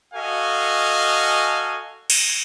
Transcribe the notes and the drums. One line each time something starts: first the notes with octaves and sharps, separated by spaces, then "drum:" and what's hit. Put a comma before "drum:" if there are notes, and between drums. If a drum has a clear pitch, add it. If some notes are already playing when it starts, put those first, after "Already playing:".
F#4 A4 D#5 F5 G#5
drum: cymbal